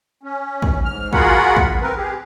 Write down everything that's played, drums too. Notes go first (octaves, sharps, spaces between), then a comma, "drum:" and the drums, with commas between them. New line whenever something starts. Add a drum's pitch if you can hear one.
C#4
drum: kick
G#2 F6
F4 F#4 G#4 A#4 F#5 B5, drum: kick
drum: kick
C4 A#4 B4
G4 G#4